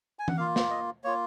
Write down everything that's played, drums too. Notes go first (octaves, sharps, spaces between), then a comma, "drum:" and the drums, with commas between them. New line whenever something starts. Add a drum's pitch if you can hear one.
G#5
F#5, drum: tom E3
A#3 F4 F5
drum: snare
D#5
A#3 F4 C#5